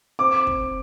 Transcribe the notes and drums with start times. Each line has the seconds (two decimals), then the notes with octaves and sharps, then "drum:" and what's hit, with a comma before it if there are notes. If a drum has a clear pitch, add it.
0.19 C4 D6
0.47 drum: kick